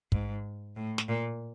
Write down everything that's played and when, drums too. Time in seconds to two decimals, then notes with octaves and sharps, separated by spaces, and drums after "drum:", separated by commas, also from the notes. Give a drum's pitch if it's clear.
0.12 G#2, drum: kick
0.76 A2
0.98 drum: snare
1.08 A#2